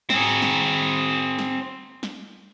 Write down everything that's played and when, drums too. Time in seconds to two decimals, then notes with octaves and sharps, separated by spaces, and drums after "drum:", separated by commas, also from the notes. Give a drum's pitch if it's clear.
0.10 C4 G#4, drum: snare
0.42 drum: snare
1.39 drum: snare
2.03 drum: snare